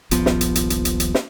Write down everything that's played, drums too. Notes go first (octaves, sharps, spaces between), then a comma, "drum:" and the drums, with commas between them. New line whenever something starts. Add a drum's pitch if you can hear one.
D#1 A#1 F3 B3, drum: hi-hat
drum: snare
drum: hi-hat
drum: hi-hat
drum: hi-hat
drum: hi-hat
drum: hi-hat
drum: snare